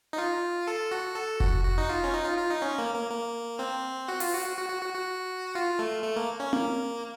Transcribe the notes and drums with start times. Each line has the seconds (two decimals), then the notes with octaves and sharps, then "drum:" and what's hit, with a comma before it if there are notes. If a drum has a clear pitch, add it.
0.13 D#4
0.18 F4
0.67 A4
0.92 F#4
1.15 A4
1.40 F#4, drum: kick F1
1.64 F#4
1.78 D#4
1.89 F4
2.04 C#4
2.13 D#4
2.25 F4
2.38 F4
2.50 D#4
2.62 C#4
2.79 A#3
2.95 A#3
3.11 A#3
3.59 C4
4.08 F#4
4.20 F4, drum: open hi-hat
4.33 F#4
4.45 F#4
4.57 F#4
4.70 F#4
4.82 F#4
4.94 F#4
5.55 F4
5.79 A3
6.03 A3
6.16 A#3
6.40 C#4
6.53 A#3, drum: tom C4